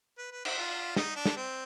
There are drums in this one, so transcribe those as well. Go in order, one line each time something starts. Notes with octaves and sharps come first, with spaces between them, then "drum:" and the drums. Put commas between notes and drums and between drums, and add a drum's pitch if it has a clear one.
B4
B4
C5, drum: cymbal
F4
D#4, drum: snare
D4
drum: snare
C4